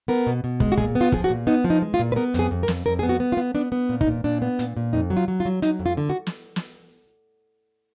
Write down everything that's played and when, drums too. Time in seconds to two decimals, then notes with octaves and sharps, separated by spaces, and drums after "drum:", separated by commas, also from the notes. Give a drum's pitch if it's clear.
0.08 B3 A#4
0.27 B2
0.44 B2
0.60 G#3, drum: kick
0.72 F#4
0.78 A#2 G#4, drum: kick
0.95 B3
1.01 F4
1.12 F3 G#4, drum: kick
1.24 F#4
1.30 A#2
1.47 B3 D#4
1.64 F3
1.70 D#4
1.82 G#3
1.94 F4
1.99 A#2
2.12 B4
2.16 B3 A#4
2.34 F2 G#4, drum: hi-hat
2.51 F2
2.63 A#4
2.68 F2, drum: snare
2.86 F2 A#4
2.99 B3 G#4
3.09 F#4
3.20 B3
3.32 F4
3.37 B3
3.55 B3 D4
3.72 B3
3.89 A#2
4.01 D#4, drum: kick
4.07 A#2
4.24 A#2 D4
4.42 B3
4.59 A#2, drum: hi-hat
4.77 A#2
4.93 F2 D#4
5.10 F#3
5.17 F4
5.28 F#3
5.40 F4
5.46 F#3
5.62 F#3 D#4, drum: hi-hat
5.79 F2
5.86 F4
5.97 D3
6.09 F#4
6.27 drum: snare
6.56 drum: snare